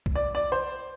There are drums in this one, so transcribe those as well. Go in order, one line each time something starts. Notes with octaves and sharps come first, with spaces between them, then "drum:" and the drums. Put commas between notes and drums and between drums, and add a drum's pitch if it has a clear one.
drum: kick B1
D5
D5
C5